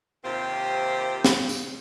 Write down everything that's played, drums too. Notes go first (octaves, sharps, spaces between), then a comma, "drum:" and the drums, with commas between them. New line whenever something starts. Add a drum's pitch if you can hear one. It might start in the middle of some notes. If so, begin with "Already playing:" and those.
D#2 C3 C4 F4 G4 C5
drum: snare
drum: tambourine